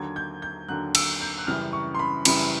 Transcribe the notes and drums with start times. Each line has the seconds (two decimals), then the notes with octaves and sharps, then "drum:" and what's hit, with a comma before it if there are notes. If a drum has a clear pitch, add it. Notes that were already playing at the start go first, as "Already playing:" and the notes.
Already playing: D#2 D3 F#3 G#6
0.16 G6
0.42 G6
0.69 D#2 D3 F#3 F#6
0.95 E6, drum: cymbal
1.21 G6
1.39 F#6
1.47 F#2 C#3 E3 G3 F6
1.73 C#6
1.95 C6
1.99 B5
2.25 F#2 C#3 E3 G3 B5, drum: cymbal